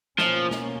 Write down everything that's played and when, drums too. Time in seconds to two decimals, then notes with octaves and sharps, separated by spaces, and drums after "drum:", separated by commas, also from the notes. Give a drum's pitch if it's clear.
0.18 B2 F3 A#3 C#4, drum: snare
0.51 drum: snare